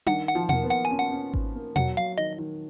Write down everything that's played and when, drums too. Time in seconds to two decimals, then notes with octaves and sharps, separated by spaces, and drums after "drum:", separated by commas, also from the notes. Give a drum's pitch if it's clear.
0.06 D#3 F#5, drum: tom D4
0.28 F#5
0.35 F3
0.49 A#3 F#5, drum: tom B2
0.64 B3
0.71 F#5
0.85 G#5
0.91 C#4
0.99 F#5
1.12 C#4
1.34 drum: kick G#1
1.55 A#3
1.76 F#3 F#5, drum: tom B2
1.97 F#3 F5
2.18 D#3 D#5
2.39 D#3